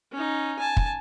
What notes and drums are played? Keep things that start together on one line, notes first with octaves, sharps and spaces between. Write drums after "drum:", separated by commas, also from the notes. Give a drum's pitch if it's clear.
C#4 D#4
G#5 A5
drum: kick